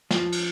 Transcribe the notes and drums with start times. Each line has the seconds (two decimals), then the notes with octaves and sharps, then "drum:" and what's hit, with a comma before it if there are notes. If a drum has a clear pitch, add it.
0.11 F3, drum: snare
0.32 drum: cymbal